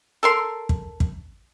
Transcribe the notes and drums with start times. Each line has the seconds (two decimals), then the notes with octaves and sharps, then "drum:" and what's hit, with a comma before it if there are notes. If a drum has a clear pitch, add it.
0.23 A4 A#4 C6
0.69 drum: kick
1.00 drum: kick